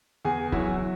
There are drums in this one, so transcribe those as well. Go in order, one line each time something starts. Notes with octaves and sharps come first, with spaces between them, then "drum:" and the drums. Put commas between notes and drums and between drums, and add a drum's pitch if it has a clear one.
E2 G#4
F#3 E4, drum: kick C#1